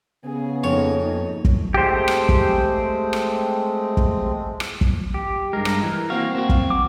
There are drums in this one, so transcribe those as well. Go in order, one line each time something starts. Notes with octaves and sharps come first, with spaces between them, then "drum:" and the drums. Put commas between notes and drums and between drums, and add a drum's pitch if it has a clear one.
C#3 B3 G#4
F2 A#3 D#4 C#5
drum: kick
G#3 A3 C4 G4 C5
drum: rim click
drum: kick
drum: rim click
drum: kick
drum: rim click
drum: kick
G4
G2 G#3 A#4
drum: rim click
E3
A#3 C4 F#4 F5
C4 F#4
drum: kick
D6